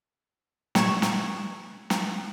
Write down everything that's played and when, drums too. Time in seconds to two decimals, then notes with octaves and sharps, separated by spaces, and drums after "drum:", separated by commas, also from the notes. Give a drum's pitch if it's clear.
0.75 A#2 G3 C#6 G#6 E7, drum: snare
1.02 drum: snare
1.90 drum: snare